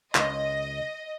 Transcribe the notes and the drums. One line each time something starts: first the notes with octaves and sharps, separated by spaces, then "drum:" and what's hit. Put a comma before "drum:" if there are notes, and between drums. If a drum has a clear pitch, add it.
C#2 D#5 C6, drum: clap